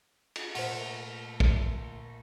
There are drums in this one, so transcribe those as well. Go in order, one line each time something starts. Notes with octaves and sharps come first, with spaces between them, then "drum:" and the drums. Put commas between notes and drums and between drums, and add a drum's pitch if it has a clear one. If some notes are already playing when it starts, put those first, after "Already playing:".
drum: cymbal
A#2 A3 F4 C5 F#5, drum: open hi-hat
drum: kick